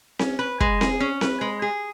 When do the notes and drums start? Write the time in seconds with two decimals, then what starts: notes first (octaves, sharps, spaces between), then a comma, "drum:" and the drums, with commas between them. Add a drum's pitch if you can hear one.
0.19 C#4, drum: snare C4
0.39 B4
0.60 G#3, drum: kick
0.81 G#4, drum: snare C4
1.00 C#4
1.21 B4, drum: snare C4
1.41 G#3
1.62 G#4